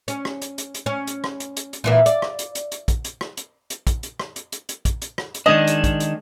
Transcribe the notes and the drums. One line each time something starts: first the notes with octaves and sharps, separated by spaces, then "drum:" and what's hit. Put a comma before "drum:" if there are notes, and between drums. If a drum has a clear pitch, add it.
C#4, drum: hi-hat
drum: rim click
drum: hi-hat
drum: hi-hat
drum: hi-hat
C#4
drum: hi-hat
drum: rim click
drum: hi-hat
drum: hi-hat
drum: hi-hat
A#2 E3 A#3
D5, drum: hi-hat
drum: rim click
drum: hi-hat
drum: hi-hat
drum: hi-hat
drum: kick, hi-hat
drum: hi-hat
drum: rim click
drum: hi-hat
drum: hi-hat
drum: kick, hi-hat
drum: hi-hat
drum: rim click
drum: hi-hat
drum: hi-hat
drum: hi-hat
drum: kick, hi-hat
drum: hi-hat
drum: rim click
drum: hi-hat
D#3 G#3 D4 D#5
drum: hi-hat
drum: kick, hi-hat
drum: hi-hat